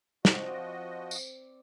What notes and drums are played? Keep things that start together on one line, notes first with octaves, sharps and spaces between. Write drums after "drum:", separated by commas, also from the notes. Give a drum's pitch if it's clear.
F3 C4 F#4 D5 D#5, drum: snare
drum: tambourine